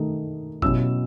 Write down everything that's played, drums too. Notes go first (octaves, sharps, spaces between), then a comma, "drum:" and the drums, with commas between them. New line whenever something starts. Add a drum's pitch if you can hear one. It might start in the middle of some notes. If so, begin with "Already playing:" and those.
Already playing: D#3 A3 D#4
B2 F#3 C#4 E4 E6, drum: kick